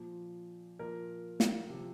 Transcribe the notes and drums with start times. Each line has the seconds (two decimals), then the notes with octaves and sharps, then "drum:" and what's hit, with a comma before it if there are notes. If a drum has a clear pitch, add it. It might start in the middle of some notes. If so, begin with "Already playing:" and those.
Already playing: A#2 F3
0.79 A#2 F3 A#4
1.40 drum: snare
1.69 C3 F3